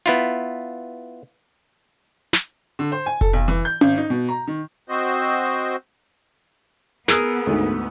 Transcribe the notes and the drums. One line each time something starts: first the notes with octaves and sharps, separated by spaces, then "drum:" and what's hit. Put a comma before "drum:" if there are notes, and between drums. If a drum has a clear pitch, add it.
B3 E4 F4
drum: snare
D3
C5
G#5
A4, drum: kick F1
B1
E3
G6
G#1, drum: tom C#4
D#4
B2
A#5
D#3
C4 F#4 C5 D#5
B3 G#4 A#4 D#6 E6 F#6, drum: snare
D2 G#2